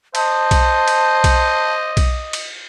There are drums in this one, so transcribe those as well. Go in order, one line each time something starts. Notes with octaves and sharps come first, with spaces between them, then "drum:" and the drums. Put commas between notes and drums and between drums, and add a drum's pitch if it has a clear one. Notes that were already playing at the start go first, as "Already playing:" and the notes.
C5 D#5 A5, drum: cymbal
drum: kick B1, cymbal
drum: cymbal
drum: kick B1, cymbal
drum: kick B1, cymbal
drum: cymbal